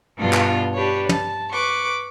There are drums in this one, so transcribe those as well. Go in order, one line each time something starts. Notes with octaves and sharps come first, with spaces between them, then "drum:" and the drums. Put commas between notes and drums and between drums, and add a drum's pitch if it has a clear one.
G2 B2 D4 F4
drum: clap
D4 G4 B4 C#5
A5, drum: tom
B4 C#6 D6